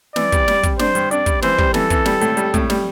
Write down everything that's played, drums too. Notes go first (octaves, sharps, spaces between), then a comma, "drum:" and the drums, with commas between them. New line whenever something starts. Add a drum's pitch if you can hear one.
E3 D5, drum: snare
G3, drum: kick, hi-hat
G3, drum: snare
G3, drum: kick, hi-hat
D4 C5, drum: snare
G2, drum: hi-hat
D4 D5, drum: hi-hat
G3, drum: kick, hi-hat
E3 C5, drum: snare
G3, drum: kick
E3 A4, drum: snare
E3, drum: kick, hi-hat
G3, drum: snare
A2, drum: hi-hat
G3, drum: hi-hat
A2, drum: kick, hi-hat
G3, drum: snare